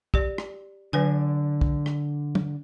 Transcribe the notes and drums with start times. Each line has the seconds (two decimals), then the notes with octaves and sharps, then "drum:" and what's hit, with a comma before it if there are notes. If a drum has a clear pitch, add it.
0.14 G4 D5, drum: kick
0.38 drum: rim click
0.93 D3 F#3 B4 G#5
1.61 drum: kick
1.86 drum: rim click
2.35 drum: tom